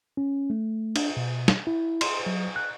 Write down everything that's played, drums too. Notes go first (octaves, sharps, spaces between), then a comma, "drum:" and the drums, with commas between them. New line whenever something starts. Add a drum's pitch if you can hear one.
C#4
A3
D4, drum: cymbal
B2
drum: snare
E4
C6, drum: cymbal
F#3
F#6